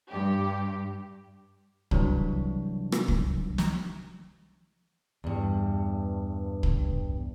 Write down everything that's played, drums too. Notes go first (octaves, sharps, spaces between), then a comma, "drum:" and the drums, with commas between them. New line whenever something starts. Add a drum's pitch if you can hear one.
G2 G4
C3 E3 F#3 G3 D4, drum: kick
drum: rim click
drum: kick
drum: snare
E2 G2
drum: kick